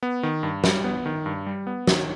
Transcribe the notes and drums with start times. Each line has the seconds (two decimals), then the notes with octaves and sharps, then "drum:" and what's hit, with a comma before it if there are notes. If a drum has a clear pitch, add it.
0.03 B3
0.23 D#3
0.43 G2
0.64 G3, drum: snare
0.84 B3
1.06 D#3
1.26 G2
1.46 G3
1.67 B3
1.87 D#3, drum: snare